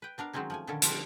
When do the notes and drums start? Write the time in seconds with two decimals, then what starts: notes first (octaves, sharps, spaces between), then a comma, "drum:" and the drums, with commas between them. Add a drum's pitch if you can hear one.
0.02 B4 G5
0.18 B3 D4 A#4 F5
0.33 D#3 F#3 G#3 C4 C#4 D#4
0.50 F3 A3 G#5
0.67 A#2 D3 D#3 C#4 A4
0.82 F3 G3 F4 B4, drum: hi-hat